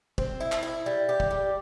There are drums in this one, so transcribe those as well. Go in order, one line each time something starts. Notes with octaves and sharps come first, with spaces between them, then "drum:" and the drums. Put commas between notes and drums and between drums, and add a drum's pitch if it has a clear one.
C4, drum: kick
E4
drum: clap
E4
G3
G4
drum: kick
G3